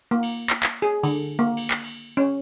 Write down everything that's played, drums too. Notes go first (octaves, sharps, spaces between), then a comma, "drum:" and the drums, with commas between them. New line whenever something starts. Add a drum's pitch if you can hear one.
A#3
drum: cymbal
drum: clap
drum: clap
G#4
D3, drum: cymbal
A#3
drum: cymbal
drum: clap
drum: cymbal
C#4